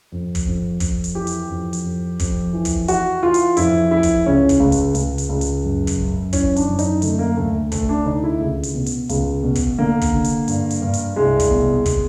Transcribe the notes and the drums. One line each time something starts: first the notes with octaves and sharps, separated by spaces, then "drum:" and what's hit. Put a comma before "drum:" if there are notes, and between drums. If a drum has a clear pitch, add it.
F2
drum: kick, hi-hat
F2
F2, drum: kick, hi-hat
drum: hi-hat
E3 G4
drum: hi-hat
F2
drum: hi-hat
F2
F2, drum: kick, hi-hat
E3
drum: kick, hi-hat
E3 F#4, drum: hi-hat
E3 F4
drum: hi-hat
F2 E4, drum: hi-hat
E3 E4
drum: kick, hi-hat
C#2 C#4
drum: kick, hi-hat
C#2
drum: hi-hat
C#2, drum: hi-hat
drum: hi-hat
C#2
drum: hi-hat
F#2
drum: kick, hi-hat
F#2
E3 C#4, drum: kick, hi-hat
D4, drum: hi-hat
F#2
D#4, drum: hi-hat
D3 A3, drum: hi-hat
A#3
D2 A3
D2 A3, drum: kick, hi-hat
D4
D3 D#4
E4
C#2
drum: hi-hat
B2
drum: hi-hat
C#2, drum: hi-hat
B2
drum: kick, hi-hat
D3 A#3
drum: kick, hi-hat
D3
drum: hi-hat
G2, drum: hi-hat
drum: hi-hat
G2
drum: hi-hat
C2 G#3
drum: kick, hi-hat
B2
B2, drum: kick, hi-hat